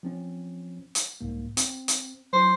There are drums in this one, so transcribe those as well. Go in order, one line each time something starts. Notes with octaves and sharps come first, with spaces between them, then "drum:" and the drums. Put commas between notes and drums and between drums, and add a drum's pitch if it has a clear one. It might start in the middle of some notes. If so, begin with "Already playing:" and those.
F3 C4 C#4
drum: hi-hat
C2 G#2 A#3
C4, drum: hi-hat
drum: hi-hat
F#3 E4 C5